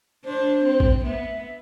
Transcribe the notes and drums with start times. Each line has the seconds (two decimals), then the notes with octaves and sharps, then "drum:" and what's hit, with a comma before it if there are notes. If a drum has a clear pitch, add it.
0.25 D4 C5
0.65 C4
0.80 drum: kick A1
1.05 B3 E5